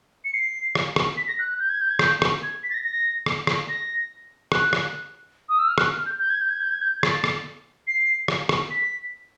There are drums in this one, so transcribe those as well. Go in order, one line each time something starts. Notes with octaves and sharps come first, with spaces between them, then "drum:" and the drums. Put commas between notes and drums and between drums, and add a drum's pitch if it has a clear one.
C#7
C7
drum: rim click
drum: rim click
B6
A#6
F#6
F#6
G6
G#6
G6
G#6
G6, drum: rim click
drum: rim click
G#6
B6
A6
A#6
A#6
drum: rim click
drum: rim click
A#6
F#6, drum: rim click
drum: rim click
D#6
E6
F6
F#6, drum: rim click
F6
G6
G6
G#6
G6
G#6
G6
G#6
G6
G#6
A6, drum: rim click
drum: rim click
C7
drum: rim click
drum: rim click
B6